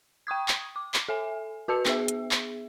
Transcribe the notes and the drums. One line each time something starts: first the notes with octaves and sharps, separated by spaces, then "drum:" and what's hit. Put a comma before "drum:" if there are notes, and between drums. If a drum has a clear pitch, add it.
G5 C#6 D#6 G#6
drum: clap
D6
drum: clap
A4 E5 G#5
F#4 B4 A5 E6 C#7
B3 G#4 E5, drum: clap
drum: hi-hat
drum: clap